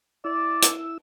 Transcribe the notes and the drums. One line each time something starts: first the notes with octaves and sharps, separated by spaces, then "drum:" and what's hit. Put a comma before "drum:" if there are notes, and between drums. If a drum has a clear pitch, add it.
E4 D5 E6
drum: hi-hat